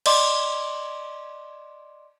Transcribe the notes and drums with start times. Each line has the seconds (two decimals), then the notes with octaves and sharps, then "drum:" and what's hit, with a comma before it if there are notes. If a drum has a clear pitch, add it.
0.06 D5 D#5 C6 D6, drum: cymbal